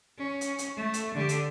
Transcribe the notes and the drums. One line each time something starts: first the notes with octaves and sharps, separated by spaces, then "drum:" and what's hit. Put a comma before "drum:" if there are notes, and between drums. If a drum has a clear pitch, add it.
C#4
drum: hi-hat
drum: hi-hat
A3
drum: hi-hat
D3 G4
drum: hi-hat